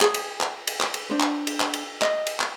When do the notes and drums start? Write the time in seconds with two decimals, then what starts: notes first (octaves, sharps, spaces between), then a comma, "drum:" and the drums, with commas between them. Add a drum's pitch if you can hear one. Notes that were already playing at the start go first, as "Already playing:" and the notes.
0.01 G#4, drum: clap
0.14 drum: cymbal
0.41 drum: clap
0.67 drum: cymbal
0.81 drum: clap
0.94 drum: cymbal
1.10 D4 C5
1.20 drum: clap
1.47 drum: cymbal
1.60 drum: clap
1.74 drum: cymbal
2.02 D#5, drum: clap
2.27 drum: cymbal
2.40 drum: clap